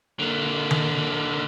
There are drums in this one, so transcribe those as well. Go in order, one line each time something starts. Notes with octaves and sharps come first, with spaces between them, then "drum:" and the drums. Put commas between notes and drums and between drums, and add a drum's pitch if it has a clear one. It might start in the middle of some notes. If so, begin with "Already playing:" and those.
D3 A#3
drum: tom D3